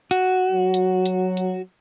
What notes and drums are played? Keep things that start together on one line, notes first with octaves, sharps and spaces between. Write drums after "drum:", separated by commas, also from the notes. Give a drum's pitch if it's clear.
F#4, drum: hi-hat
F#3
drum: hi-hat
drum: hi-hat
drum: hi-hat